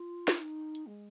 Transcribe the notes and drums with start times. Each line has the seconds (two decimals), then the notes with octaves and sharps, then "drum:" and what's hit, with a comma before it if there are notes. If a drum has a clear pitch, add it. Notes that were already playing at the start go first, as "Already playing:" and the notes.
Already playing: F4
0.28 drum: snare
0.40 D#4
0.75 drum: hi-hat
0.86 G#3